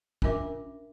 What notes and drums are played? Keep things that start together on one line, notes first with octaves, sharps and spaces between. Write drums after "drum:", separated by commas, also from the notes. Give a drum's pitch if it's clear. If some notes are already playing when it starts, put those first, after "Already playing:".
C#4 D4 F4 A#4 E5 D6, drum: kick